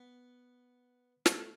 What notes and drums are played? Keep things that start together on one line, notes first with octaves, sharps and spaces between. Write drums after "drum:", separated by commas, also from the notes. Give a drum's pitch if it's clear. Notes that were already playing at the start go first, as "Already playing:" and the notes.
Already playing: B3
A3, drum: snare